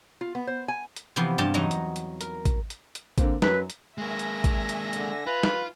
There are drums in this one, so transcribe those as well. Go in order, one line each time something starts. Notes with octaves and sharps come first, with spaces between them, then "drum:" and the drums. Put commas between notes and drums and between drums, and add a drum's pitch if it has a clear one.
F4
B3
C5
G#5
drum: hi-hat
C3 E3 F3 B3 C4 C5
G2 F4 G4 A5
E2 F#3 D#4 D#5 A#5
drum: hi-hat
drum: hi-hat
A#4, drum: hi-hat
drum: kick, hi-hat
drum: hi-hat
drum: hi-hat
D3 A#3 C4, drum: kick, hi-hat
F#2 F#3 B4, drum: snare
drum: hi-hat
G#3 A#3 E5 G#5 A#6
drum: hi-hat
drum: kick, hi-hat
drum: hi-hat
D3, drum: hi-hat
F4 B4
drum: snare